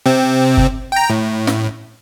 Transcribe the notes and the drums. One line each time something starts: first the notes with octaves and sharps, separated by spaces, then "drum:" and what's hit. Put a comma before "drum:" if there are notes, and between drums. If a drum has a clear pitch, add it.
C3 C4
drum: kick F#1
G5 A#5
A2
drum: snare